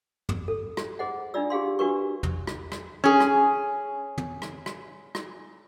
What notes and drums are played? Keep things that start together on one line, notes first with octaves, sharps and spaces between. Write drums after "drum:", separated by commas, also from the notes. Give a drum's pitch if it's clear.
drum: tom
A4
drum: rim click
G#4 C5 D#5 F#5
D4 D#4 F4 D5 E6
G4 G#4 F5 C6
D4 F#4 G4 A#4 B4 C#6
drum: tom
drum: rim click
drum: rim click
C#4 G#4
drum: rim click
drum: tom
drum: rim click
drum: rim click
drum: rim click